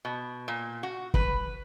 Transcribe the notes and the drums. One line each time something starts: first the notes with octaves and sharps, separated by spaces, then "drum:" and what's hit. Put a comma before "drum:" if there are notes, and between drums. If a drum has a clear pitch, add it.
B2
A#2
F#4
B4, drum: kick